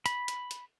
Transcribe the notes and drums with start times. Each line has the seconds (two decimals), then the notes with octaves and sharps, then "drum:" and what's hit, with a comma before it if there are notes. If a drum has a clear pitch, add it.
0.06 B5, drum: hi-hat
0.28 drum: hi-hat
0.51 drum: hi-hat